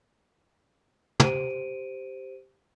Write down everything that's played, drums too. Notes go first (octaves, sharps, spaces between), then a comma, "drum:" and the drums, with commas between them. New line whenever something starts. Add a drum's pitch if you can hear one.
G4 C5 D7 D#7, drum: tom